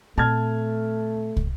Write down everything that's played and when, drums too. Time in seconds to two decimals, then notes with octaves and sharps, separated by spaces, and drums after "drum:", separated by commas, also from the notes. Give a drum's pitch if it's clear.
0.18 A#2 A3 C4 A5 F6 G#6
1.37 drum: kick